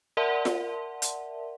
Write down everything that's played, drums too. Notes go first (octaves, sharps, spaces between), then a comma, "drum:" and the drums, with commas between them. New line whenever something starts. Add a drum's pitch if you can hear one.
A#4 D5 E5 F#5 A5 C6
drum: snare F4
drum: hi-hat